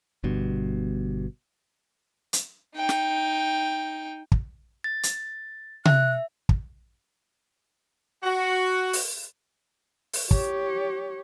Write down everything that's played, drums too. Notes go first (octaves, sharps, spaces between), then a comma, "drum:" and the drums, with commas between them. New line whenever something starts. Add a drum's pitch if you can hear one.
G1 G2 B2
drum: hi-hat
D#4 G5
drum: snare
drum: kick
A6
drum: hi-hat
E5 F#6, drum: tom C3
drum: kick
F#4
drum: open hi-hat
drum: open hi-hat
G4 C#5, drum: kick